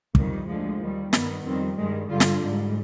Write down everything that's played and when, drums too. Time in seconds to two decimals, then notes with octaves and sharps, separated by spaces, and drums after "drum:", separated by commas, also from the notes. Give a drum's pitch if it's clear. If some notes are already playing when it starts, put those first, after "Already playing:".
0.15 F2 D#3 G3, drum: kick
0.47 D2 D3 F3 G#3
0.80 D#2 D#3 G3
1.13 G2 D#3 G3 B3, drum: snare
1.45 F2 D#3 G3 C4
1.77 G2 D#3 G3 G#3
2.09 G2 D3 G3 F4
2.20 drum: snare
2.41 G#2 G3